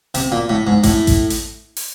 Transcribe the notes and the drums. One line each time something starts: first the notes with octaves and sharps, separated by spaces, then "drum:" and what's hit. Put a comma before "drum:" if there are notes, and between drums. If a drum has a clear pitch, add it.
C3, drum: hi-hat
A#2
A2
G#2
A2, drum: kick A1, hi-hat
drum: kick A1, hi-hat
drum: hi-hat
drum: open hi-hat